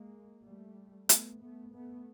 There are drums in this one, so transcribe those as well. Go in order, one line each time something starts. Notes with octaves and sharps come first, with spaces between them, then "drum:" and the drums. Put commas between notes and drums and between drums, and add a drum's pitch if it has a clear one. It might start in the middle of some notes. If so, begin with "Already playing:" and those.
Already playing: G#3 A#3
G3 A3
A3 B3, drum: hi-hat
A3 B3
A3 B3